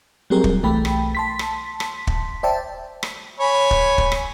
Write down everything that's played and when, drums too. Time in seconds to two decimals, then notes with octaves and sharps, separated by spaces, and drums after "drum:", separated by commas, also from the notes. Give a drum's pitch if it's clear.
0.30 F#3 G3 C4 G4 G#4 A#4
0.44 drum: kick
0.63 B1 E3 A3 G5 B5
0.85 drum: rim click
1.15 A5 C6 B6
1.39 drum: rim click
1.80 drum: rim click
2.07 drum: kick
2.43 C5 D5 E5 G5 A5
3.03 drum: rim click
3.40 C#5 G#5 B5
3.71 drum: kick
3.98 drum: kick
4.12 drum: rim click